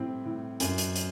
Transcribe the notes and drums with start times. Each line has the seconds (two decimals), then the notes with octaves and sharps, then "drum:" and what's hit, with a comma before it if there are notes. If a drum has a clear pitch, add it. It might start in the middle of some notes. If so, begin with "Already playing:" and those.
Already playing: A2 G3 C4
0.25 A2
0.60 F#2, drum: hi-hat
0.78 drum: hi-hat
0.96 drum: hi-hat